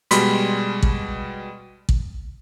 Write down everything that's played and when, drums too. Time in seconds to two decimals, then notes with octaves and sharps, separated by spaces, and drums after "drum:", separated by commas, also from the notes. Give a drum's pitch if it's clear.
0.11 B2 G3 G#3 B5 C6 B6, drum: hi-hat
0.83 drum: kick
1.89 drum: kick